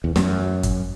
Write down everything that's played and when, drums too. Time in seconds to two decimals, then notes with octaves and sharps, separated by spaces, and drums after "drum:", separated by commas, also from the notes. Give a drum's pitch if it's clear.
0.04 E2
0.16 F#2, drum: snare
0.63 drum: kick G1, hi-hat